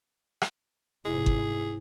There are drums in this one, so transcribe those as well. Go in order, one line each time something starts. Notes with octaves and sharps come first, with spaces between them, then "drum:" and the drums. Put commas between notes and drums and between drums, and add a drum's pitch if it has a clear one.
drum: rim click
F1 G#2 C3 E4 G#4
drum: kick G1